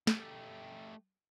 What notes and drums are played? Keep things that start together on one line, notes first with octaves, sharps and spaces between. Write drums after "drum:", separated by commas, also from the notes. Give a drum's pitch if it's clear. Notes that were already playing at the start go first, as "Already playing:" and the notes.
A3 G4, drum: snare